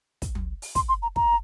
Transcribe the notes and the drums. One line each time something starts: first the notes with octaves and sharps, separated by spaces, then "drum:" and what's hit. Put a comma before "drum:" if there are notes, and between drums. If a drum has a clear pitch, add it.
drum: kick, hi-hat
drum: tom
drum: open hi-hat
C6, drum: kick, hi-hat
C6
A#5
A#5, drum: kick